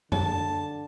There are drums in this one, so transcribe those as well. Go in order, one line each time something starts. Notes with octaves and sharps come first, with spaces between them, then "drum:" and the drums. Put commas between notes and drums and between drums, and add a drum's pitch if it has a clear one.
D3 A5, drum: tom F#2